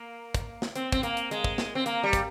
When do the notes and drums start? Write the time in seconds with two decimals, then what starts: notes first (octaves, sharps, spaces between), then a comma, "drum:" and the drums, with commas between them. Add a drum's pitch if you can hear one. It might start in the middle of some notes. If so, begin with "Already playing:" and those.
Already playing: A#3
0.35 drum: kick, hi-hat
0.62 drum: snare
0.76 C4, drum: hi-hat
0.92 C4, drum: kick, hi-hat
1.03 A#3, drum: hi-hat
1.17 drum: hi-hat
1.31 G#3, drum: hi-hat
1.44 drum: kick
1.58 drum: snare
1.75 C4
1.86 A#3, drum: hi-hat
2.03 G3
2.13 drum: kick, hi-hat